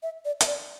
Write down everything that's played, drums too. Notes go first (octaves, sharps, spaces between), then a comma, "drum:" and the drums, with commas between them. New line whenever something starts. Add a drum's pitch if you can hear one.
E5
D5
E5, drum: hi-hat
D5